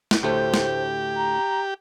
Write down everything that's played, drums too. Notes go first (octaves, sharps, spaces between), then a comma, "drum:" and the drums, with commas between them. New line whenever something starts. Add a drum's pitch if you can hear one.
drum: snare
D2 A2 A3 G4 C5
drum: snare
A#5